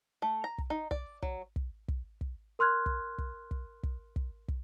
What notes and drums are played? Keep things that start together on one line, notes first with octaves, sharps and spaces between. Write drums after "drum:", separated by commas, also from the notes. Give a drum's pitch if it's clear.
A3
A#5
drum: kick
D#4
D5, drum: kick
F#3, drum: kick
drum: kick
drum: kick
drum: kick
A#4 C6 F6 F#6 G#6
drum: kick
drum: kick
drum: kick
drum: kick
drum: kick
drum: kick